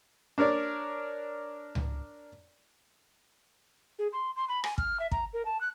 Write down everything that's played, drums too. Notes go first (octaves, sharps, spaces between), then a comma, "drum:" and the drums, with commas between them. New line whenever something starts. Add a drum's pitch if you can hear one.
D4 A#4 C#5 D5
drum: tom C#2
G#4
C6
C6
B5
G#5, drum: rim click
F6, drum: kick
E5
A#5, drum: kick
A#4
A5
F#6